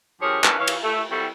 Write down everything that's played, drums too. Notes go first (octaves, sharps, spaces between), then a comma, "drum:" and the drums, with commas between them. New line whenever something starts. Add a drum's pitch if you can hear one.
G2 F3 G4 G#4 A#4 C#5
C#4 D4 E4 F#4 A#4 B4, drum: clap
E3 C#5 F5
drum: cymbal
A3
G3 C4 E4 F#4 A4